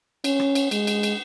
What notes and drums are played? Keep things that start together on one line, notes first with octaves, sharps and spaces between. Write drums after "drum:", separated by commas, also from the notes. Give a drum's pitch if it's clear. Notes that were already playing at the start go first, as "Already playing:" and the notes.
C#4, drum: cymbal
drum: rim click
drum: cymbal
G#3, drum: cymbal
drum: cymbal
drum: cymbal